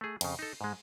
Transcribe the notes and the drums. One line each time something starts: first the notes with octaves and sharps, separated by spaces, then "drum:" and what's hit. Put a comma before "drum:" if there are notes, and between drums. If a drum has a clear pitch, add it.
A3 G#4
F2 C#3, drum: cymbal
D#4 A4
G#2 G#3